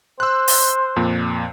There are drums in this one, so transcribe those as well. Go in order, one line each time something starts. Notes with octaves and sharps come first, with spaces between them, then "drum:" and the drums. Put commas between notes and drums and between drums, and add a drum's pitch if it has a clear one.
C5 E6 F#6
drum: open hi-hat
F2 A#2